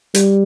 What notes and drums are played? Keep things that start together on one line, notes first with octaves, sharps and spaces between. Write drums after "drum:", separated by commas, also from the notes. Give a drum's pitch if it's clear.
G3, drum: hi-hat